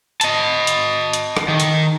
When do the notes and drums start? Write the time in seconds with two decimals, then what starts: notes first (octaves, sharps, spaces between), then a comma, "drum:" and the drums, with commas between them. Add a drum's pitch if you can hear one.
0.21 D#5 A5, drum: hi-hat
0.67 drum: hi-hat
1.13 drum: hi-hat
1.37 drum: rim click
1.48 D#3
1.60 drum: hi-hat